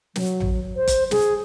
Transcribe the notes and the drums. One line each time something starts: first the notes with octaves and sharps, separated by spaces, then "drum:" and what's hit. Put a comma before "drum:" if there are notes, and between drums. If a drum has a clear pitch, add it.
F#3, drum: snare
drum: tom A1
C5
drum: kick F#1, hi-hat
G#4, drum: snare